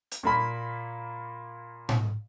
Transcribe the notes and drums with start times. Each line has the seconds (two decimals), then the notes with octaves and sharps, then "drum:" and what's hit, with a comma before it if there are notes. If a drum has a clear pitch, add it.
0.11 drum: hi-hat
0.23 A#2 A#3 B5
1.89 drum: tom A2